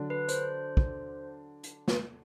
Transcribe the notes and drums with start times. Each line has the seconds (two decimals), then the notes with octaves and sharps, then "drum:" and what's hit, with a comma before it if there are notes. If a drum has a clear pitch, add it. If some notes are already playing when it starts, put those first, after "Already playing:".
Already playing: D3 F#3 D4
0.10 B4
0.29 C5, drum: hi-hat
0.77 drum: kick
1.63 drum: hi-hat
1.88 drum: snare